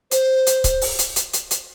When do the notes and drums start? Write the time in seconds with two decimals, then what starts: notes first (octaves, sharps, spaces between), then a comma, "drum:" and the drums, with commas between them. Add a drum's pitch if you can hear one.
0.11 C5, drum: hi-hat
0.47 drum: hi-hat
0.64 drum: kick C#1, hi-hat
0.81 drum: open hi-hat
0.99 drum: hi-hat
1.16 drum: hi-hat
1.33 drum: hi-hat
1.51 drum: hi-hat